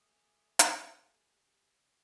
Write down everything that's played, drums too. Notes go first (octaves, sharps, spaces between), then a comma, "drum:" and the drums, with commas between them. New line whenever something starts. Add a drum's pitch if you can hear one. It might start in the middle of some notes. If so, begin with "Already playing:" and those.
A3 G4 G#5 D#6
drum: hi-hat